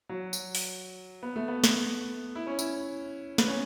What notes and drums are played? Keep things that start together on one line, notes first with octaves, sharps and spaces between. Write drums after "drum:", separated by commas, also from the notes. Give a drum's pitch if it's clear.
F#3
drum: tambourine
drum: open hi-hat
B3
A3
B3
drum: snare
E4
C#4
E4, drum: tambourine
B3, drum: snare
C#4